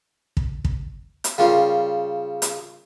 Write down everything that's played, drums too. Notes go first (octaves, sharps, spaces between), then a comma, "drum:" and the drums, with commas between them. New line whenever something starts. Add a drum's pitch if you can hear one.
drum: kick
drum: kick
drum: hi-hat
C#3 G3 F4 A#4
drum: hi-hat